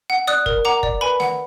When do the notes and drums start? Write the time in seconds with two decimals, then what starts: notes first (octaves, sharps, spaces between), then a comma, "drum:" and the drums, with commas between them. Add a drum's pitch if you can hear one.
0.10 F#5
0.27 D5 D#6 F#6
0.46 A#4, drum: kick
0.65 F#5 A#5 D6
0.83 D5, drum: kick
1.01 B4 G#5 B5
1.20 F#5, drum: snare